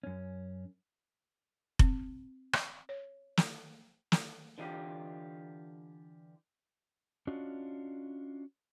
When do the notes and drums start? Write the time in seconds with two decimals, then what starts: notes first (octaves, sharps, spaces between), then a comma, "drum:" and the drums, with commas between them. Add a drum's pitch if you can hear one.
0.03 F#2 C#4
1.79 C4, drum: kick F1
2.53 drum: rim click
2.89 C#5
3.37 drum: snare
4.12 drum: snare
4.58 D3 E3 F4 G4
7.27 C#4 D4 F4 F#4 D#5